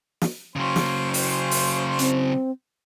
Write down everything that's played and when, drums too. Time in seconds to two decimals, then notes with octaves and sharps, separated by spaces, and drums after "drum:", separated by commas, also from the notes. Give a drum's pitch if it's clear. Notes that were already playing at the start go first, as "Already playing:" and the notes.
0.22 drum: snare
0.56 C#3 F#3 C#4 C5 C6
0.76 drum: snare
1.14 drum: open hi-hat
1.51 drum: open hi-hat
1.99 C4, drum: hi-hat